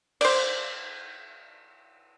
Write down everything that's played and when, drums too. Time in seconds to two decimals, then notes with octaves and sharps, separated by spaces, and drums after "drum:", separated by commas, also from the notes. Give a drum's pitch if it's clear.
0.21 C5 D5, drum: cymbal